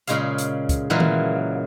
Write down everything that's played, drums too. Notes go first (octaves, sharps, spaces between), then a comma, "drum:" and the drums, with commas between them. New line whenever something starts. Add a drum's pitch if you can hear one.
A#2 C#3 G#3 G#4 F5, drum: hi-hat
drum: hi-hat
drum: kick, hi-hat
A#2 C#3 E3 F#3 G#3 A#3
drum: tom D#3